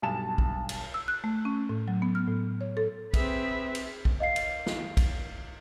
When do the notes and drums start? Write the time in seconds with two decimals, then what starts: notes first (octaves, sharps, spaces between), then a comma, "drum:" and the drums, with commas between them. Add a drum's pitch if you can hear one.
0.02 B1 G2 G#5 A5 E7
0.38 drum: kick
0.69 drum: cymbal
0.94 E6
1.08 F#6
1.24 A3
1.45 C#4
1.69 A2
1.88 F#3
2.02 B3
2.15 F6
2.27 A2
2.61 C#5
2.77 A4
3.14 C4 G#4 B4 E5, drum: kick, cymbal
3.75 drum: cymbal
4.05 drum: kick
4.20 D#5 F5 C7
4.36 drum: cymbal
4.66 drum: snare
4.97 drum: kick, cymbal